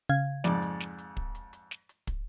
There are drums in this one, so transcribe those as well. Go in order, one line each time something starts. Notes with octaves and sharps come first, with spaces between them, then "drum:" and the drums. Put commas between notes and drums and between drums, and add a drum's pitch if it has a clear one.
C#3 F5 G#6
F2 G#2 D5, drum: snare
drum: hi-hat
drum: snare
drum: hi-hat
drum: kick
drum: hi-hat
drum: hi-hat
drum: snare
drum: hi-hat
drum: kick, hi-hat